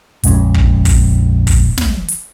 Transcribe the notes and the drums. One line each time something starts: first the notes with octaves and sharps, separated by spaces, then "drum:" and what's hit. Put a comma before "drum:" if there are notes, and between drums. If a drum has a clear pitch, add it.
A#1 F2 G#3 C#4, drum: hi-hat
drum: kick
drum: kick, open hi-hat
drum: kick, open hi-hat
drum: snare
drum: hi-hat